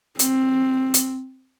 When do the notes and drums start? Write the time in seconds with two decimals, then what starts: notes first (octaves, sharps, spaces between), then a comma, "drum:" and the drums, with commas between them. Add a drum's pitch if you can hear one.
0.19 C4, drum: hi-hat
0.94 drum: hi-hat